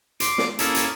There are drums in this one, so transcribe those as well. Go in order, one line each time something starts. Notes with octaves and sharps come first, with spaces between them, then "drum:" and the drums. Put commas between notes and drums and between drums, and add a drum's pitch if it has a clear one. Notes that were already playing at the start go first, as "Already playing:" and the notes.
C6 D6, drum: hi-hat
drum: snare
A#3 C#4 E4 G#4 A4, drum: hi-hat
drum: hi-hat